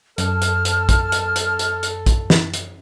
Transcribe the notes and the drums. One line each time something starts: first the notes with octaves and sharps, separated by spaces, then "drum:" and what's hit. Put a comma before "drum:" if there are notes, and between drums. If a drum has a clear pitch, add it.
F#2 A4 A5 F6, drum: hi-hat
drum: hi-hat
drum: hi-hat
drum: kick, hi-hat
drum: hi-hat
drum: hi-hat
drum: hi-hat
drum: hi-hat
drum: kick, hi-hat
drum: snare
drum: hi-hat